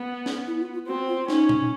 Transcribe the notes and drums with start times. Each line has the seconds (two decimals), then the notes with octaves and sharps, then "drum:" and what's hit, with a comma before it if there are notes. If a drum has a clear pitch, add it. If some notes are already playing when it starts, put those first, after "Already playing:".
Already playing: B3
0.26 drum: snare
0.47 E4
0.60 F4
0.74 F4
0.88 C4 F#4
1.08 F4
1.28 C#4 D#4, drum: snare
1.49 drum: tom A#2